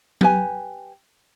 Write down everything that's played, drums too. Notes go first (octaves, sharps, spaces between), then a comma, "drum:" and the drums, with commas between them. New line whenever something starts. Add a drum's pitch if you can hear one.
G4 B4 G#5, drum: tom F#3